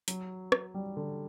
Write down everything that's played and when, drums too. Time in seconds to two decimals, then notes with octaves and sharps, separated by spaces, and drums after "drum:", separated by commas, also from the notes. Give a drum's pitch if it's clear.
0.08 F#3, drum: hi-hat
0.52 drum: rim click
0.74 G3
0.97 D3